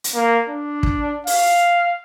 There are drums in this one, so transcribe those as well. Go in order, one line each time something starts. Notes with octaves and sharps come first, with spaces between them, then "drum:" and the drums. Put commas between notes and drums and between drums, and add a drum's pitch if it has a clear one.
drum: hi-hat
A#3
D4
drum: kick
F5, drum: open hi-hat